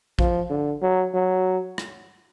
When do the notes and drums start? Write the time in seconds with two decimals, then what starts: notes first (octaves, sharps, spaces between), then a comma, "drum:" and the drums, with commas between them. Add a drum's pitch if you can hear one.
0.19 F3, drum: kick A#1
0.50 D3
0.82 F#3
1.14 F#3
1.78 drum: rim click